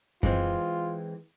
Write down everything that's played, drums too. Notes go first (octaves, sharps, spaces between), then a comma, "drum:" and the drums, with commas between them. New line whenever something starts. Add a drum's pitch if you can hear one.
E3 G#3 C4 F4, drum: kick F#2